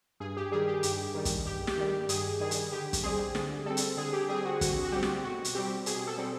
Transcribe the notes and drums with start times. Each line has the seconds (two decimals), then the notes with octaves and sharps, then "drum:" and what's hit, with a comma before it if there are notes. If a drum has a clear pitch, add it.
0.20 G2 G#4
0.37 G4
0.52 D#3 G3 G#4
0.68 G4
0.83 G2 G4, drum: hi-hat
1.15 D#3 G3
1.25 drum: kick, hi-hat
1.46 G2 G4
1.67 G4, drum: snare
1.78 D#3 G3
1.88 G4
2.09 G2 G#4, drum: hi-hat
2.40 D#3 G3 G#4
2.51 drum: hi-hat
2.72 D3 G4
2.93 drum: kick, hi-hat
3.04 G3 C4 G#4
3.35 D3, drum: snare
3.66 G3 C4 A4
3.77 drum: hi-hat
3.97 D3 G#4
4.13 G4
4.29 G3 C4 G#4
4.45 F#4
4.61 D3 F#4, drum: kick, hi-hat
4.84 F#4
4.92 G3 C4 G4
5.03 drum: snare
5.24 B2 F#4
5.45 drum: hi-hat
5.55 G3 C4 G4
5.86 B2 G#4, drum: hi-hat
6.07 A4
6.18 G3 C4